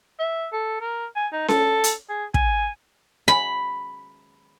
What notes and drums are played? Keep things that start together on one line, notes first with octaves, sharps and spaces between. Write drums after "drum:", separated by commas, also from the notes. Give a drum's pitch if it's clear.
E5
A4
A#4
G#5
D#4
A4, drum: snare C#4
drum: hi-hat
G#4
G#5, drum: kick
B5